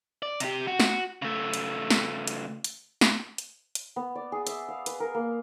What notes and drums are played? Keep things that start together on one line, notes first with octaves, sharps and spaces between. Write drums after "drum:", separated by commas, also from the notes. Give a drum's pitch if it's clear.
D5
C3 G4, drum: hi-hat
F#4
drum: snare
C#3 A3
drum: hi-hat
drum: snare
drum: hi-hat
drum: hi-hat
drum: snare
drum: hi-hat
drum: hi-hat
B3
D5
G#4
E5, drum: hi-hat
F5
B4, drum: hi-hat
A#4
A#3